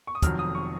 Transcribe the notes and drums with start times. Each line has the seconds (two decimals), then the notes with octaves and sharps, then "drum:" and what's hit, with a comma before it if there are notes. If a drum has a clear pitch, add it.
0.07 C#6
0.15 D#6
0.22 F1 F2 D#3 F#3 F6, drum: kick, hi-hat
0.39 D#6
0.55 C#6